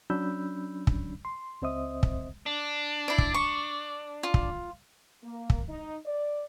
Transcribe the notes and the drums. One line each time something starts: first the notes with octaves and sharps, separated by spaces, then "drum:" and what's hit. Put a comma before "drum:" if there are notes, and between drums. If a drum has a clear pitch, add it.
F#3 C#4 D4 B5 E6 G6
drum: kick
C6
C#2 C4 C5 D#5 E5 D#6
drum: kick
D4
E4 D5
drum: kick
C#6
F4
drum: kick
A#3
drum: kick
D#4
D5